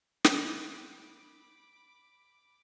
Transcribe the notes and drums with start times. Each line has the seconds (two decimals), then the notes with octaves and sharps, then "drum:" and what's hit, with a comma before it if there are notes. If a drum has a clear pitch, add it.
0.24 B5 D6, drum: snare